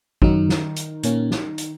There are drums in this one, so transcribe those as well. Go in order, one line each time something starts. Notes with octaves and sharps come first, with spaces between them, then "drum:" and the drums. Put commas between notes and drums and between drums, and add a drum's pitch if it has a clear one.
F#2 D#3 F#3 D#4, drum: kick
drum: snare
drum: hi-hat
A#2 A#3 C#4, drum: hi-hat
drum: snare
drum: hi-hat